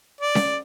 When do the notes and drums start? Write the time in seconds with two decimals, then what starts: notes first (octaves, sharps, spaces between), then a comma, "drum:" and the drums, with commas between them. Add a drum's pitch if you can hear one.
0.21 D5
0.35 drum: snare C#4